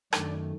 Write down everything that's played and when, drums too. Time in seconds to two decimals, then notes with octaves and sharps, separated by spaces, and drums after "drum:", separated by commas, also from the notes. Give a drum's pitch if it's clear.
0.13 F#2 D#3 A3 D4 D5, drum: rim click